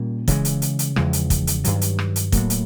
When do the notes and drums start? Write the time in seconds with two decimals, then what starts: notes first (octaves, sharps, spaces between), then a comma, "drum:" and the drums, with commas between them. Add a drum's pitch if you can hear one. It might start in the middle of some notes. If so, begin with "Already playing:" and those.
Already playing: A#2 G3 A#3 C#4
0.28 C#3 E3 G#3, drum: kick, hi-hat
0.45 drum: hi-hat
0.62 drum: hi-hat
0.79 drum: hi-hat
0.96 E2 C#3 F3 G#3, drum: rim click
1.13 drum: hi-hat
1.30 drum: kick, hi-hat
1.47 drum: hi-hat
1.64 G2 D#3 F#3, drum: hi-hat
1.81 drum: hi-hat
1.99 drum: rim click
2.16 drum: hi-hat
2.32 A2 F#3 A#3, drum: kick, hi-hat
2.50 drum: hi-hat